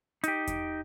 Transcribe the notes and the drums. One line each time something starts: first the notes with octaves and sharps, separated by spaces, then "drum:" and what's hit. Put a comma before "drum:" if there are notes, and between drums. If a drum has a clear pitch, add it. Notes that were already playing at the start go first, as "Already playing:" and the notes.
D#4 G4, drum: hi-hat
drum: kick E2, hi-hat